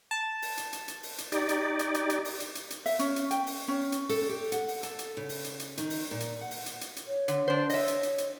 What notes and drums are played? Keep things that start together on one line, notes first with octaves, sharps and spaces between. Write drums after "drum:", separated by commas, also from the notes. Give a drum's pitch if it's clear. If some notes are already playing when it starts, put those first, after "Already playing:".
A5
drum: open hi-hat
drum: hi-hat
drum: hi-hat
drum: hi-hat
drum: open hi-hat
drum: hi-hat
D#4 G4 D5, drum: hi-hat
drum: hi-hat
drum: hi-hat
drum: hi-hat
drum: hi-hat
drum: open hi-hat
drum: hi-hat
drum: hi-hat
drum: hi-hat
E5, drum: open hi-hat
C#4, drum: hi-hat
drum: hi-hat
G5, drum: hi-hat
drum: open hi-hat
C#4
drum: hi-hat
A4, drum: open hi-hat
G4
F#5, drum: hi-hat
drum: open hi-hat
A4, drum: hi-hat
drum: hi-hat
C#3
drum: open hi-hat
drum: hi-hat
drum: hi-hat
D#3, drum: hi-hat
drum: open hi-hat
A#2
drum: hi-hat
F#5
drum: open hi-hat
drum: hi-hat
drum: hi-hat
drum: hi-hat
C#5
D3, drum: hi-hat
D4 C5
C#5 D#5 E5, drum: open hi-hat
drum: hi-hat
drum: hi-hat
drum: hi-hat